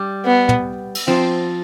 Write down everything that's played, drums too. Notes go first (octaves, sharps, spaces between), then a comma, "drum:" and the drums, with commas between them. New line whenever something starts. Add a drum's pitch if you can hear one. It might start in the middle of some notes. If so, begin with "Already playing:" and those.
Already playing: G3
B3
drum: tom
drum: cymbal
F3 C4